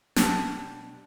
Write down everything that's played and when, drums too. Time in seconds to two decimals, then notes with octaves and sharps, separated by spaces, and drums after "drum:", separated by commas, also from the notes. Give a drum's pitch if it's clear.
0.16 B2 D4 G4 A5, drum: snare